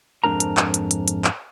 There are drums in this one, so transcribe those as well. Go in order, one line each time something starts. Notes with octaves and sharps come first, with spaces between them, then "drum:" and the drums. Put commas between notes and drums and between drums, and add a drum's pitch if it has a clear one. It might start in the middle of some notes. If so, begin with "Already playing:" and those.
F2 G#2 G3 D4 A#4 A#5
drum: hi-hat
drum: clap
drum: hi-hat
drum: hi-hat
drum: hi-hat
drum: clap